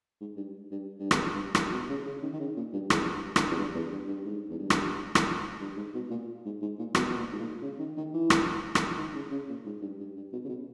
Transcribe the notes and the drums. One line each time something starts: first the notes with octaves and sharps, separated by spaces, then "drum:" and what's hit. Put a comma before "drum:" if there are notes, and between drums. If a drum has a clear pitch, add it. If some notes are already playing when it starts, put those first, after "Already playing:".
G#2
G2
G2
G2
E2, drum: rim click
G2
G2, drum: rim click
B2
C#3
C#3
D#3
D#3
C#3
A#2
G2
E2, drum: rim click
G2
G2, drum: rim click
E2
G2
E2
G2
G2
G#2
E2
G2
drum: rim click
drum: rim click
G2
G#2
B2
A#2
G#2
G#2
A#2
B2, drum: rim click
B2
A#2
G#2
A#2
C#3
D#3
D#3
E3
drum: rim click
drum: rim click
D#3
C#3
C#3
A#2
G#2
G2
G2
G2
B2
C#3
B2